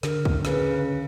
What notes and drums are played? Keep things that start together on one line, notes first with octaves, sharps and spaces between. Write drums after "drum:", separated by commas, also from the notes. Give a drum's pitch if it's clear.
D3 A#4, drum: snare
drum: kick
C#3 B4, drum: snare